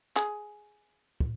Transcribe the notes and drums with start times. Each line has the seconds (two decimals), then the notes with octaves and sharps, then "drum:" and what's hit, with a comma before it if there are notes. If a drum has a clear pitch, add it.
0.16 G#4, drum: clap
1.20 drum: kick